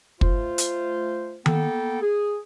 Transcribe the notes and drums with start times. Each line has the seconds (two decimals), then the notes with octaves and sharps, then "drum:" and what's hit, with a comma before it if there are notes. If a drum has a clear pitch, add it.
0.21 A3 F4 C5, drum: kick
0.58 drum: hi-hat
1.46 A#3 B3 A4 G5, drum: tom D#3
2.02 G#4